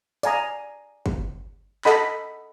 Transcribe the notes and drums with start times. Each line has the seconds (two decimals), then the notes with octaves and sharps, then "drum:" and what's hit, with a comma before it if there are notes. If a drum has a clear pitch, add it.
0.23 D5 F5 G#5 A#5 D#6, drum: hi-hat
1.06 drum: kick
1.85 A4 D#5 F#5 B5, drum: clap